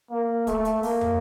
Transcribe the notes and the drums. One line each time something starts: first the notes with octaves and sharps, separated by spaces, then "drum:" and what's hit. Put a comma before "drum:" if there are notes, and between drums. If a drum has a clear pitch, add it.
A#3
A3, drum: kick, hi-hat
drum: hi-hat
A#3, drum: open hi-hat
drum: tom